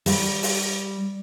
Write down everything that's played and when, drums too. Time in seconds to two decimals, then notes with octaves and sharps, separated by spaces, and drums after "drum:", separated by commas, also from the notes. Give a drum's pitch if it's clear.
0.06 G3, drum: open hi-hat
0.43 drum: open hi-hat